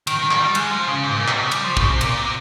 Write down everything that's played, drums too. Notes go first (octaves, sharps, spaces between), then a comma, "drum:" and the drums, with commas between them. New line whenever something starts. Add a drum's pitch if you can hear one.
D#3, drum: cymbal
D#3
D#3, drum: clap
G3
G#3, drum: cymbal
F3
C#3
G#2
A#2
C3, drum: clap
C#3
G3, drum: cymbal
F3
C#3, drum: kick
C3
A#2, drum: cymbal
C3